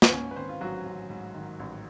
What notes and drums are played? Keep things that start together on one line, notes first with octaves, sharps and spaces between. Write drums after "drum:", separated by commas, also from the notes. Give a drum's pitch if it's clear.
drum: snare
G#2 C#4 C#5
B4
D#3 C4 C5
F4
A1 F#3 F#4
A1
G#2
D#3
A1